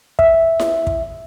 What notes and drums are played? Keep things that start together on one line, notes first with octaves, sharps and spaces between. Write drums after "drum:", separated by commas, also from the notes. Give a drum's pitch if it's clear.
E5, drum: kick
drum: snare E4
drum: kick